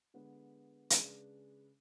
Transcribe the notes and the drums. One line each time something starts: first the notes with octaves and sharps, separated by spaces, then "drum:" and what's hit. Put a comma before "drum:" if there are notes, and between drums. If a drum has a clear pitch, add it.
D3 G#3 B3
C#3 G#3 D4 G#4 B4, drum: hi-hat